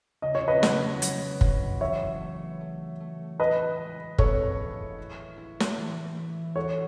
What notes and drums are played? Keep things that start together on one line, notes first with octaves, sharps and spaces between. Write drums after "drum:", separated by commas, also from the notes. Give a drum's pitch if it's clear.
C#3 D#5
C#5
B4 D#5
F#3, drum: snare
F#3, drum: hi-hat
F#3, drum: kick
E3 C#5 E5
A3
A3
A3
A2 B4 D#5
G#3
G#3 A4 C#5, drum: kick
A2
E4
E4
drum: snare
E3
E4
F#4 A4 C#5